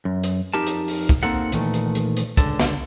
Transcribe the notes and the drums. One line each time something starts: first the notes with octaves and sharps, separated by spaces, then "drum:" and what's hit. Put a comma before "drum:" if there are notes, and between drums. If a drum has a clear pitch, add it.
F#2
drum: hi-hat
F2 D#4 G4 A#4 A5
drum: hi-hat
drum: open hi-hat
drum: kick, hi-hat
A#3 C4 D#4 A4 F#5
A#2 D#3 E3 A3, drum: hi-hat
drum: hi-hat
drum: hi-hat
drum: hi-hat
C#2 D3 A4, drum: kick, hi-hat
drum: snare